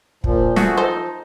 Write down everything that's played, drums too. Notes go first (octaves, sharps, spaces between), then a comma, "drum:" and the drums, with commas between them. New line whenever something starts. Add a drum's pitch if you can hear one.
A#2 F3, drum: kick
F3 A3 F#4 G#4, drum: snare
D#4 A4 C5